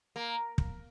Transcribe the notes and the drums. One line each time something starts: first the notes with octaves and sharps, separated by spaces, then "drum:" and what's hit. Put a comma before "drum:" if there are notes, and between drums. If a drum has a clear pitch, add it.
A#3
drum: kick